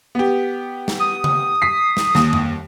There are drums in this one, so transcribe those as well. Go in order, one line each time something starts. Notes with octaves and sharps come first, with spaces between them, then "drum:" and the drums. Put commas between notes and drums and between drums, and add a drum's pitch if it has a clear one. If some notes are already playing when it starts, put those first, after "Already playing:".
B3 G4
drum: snare
D#6
drum: tom C#3
B6 C7
drum: snare
D#2, drum: snare
drum: tom F2